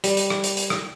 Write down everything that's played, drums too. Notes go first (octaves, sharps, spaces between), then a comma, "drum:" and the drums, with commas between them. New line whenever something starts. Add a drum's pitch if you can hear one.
G3, drum: hi-hat
drum: hi-hat
drum: rim click
drum: hi-hat
drum: hi-hat
drum: rim click